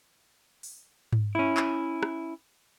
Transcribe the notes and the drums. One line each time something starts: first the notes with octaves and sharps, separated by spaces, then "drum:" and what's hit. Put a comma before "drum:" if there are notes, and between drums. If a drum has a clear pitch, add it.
drum: open hi-hat
drum: tom G#2
C#4 E4
drum: clap
drum: rim click